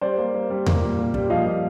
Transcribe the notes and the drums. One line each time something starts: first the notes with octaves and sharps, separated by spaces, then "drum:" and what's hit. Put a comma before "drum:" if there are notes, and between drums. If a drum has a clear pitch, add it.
G3 C5 D5
A#3
A#3
G3
A#3, drum: tom E2
A#2
A#2
G3, drum: kick
F3 D#5 F5
A#2